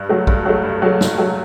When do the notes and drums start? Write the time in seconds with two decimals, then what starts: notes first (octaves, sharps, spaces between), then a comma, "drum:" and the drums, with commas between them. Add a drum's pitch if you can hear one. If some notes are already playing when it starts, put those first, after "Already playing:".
Already playing: G2
0.09 F#3 A3
0.27 G2, drum: kick
0.45 F#3 A3
0.63 G2
0.82 F#3 A3
1.01 G2, drum: snare
1.18 F#3 A3